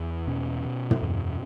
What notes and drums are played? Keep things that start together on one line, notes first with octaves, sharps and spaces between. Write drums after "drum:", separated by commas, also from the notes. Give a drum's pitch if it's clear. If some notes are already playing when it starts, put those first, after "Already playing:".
Already playing: E2
B2 C#4
B2
drum: tom
E2